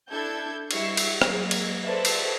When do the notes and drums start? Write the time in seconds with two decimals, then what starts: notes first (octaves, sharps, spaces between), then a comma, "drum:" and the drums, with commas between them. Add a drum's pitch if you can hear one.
0.11 D4 E4 A4 G6 G#6
0.71 G3 E4 G4 E5 C#6 C7, drum: cymbal
0.97 drum: cymbal
1.22 F#3 G#3 A#3, drum: rim click
1.51 drum: cymbal
1.84 A4 B4 C5 D5 E5
2.05 drum: cymbal